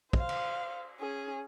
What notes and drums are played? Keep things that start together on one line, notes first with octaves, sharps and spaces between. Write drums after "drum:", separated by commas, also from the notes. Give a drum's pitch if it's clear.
C5 F5, drum: kick
drum: cymbal
C#4 G#4